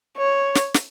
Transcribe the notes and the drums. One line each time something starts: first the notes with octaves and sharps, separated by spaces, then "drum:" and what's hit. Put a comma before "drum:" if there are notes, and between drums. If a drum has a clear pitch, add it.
C#5
drum: snare
drum: snare